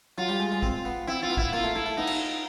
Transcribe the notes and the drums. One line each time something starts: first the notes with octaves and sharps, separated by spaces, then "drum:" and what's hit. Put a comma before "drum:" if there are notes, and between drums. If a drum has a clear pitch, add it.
F#3 F4
G3
G#3
G#3
C4, drum: kick
B3
C4 E4
F4
B3
E4, drum: kick
A#3 F4
A3
A3 E4
A3
B3 D#4
drum: cymbal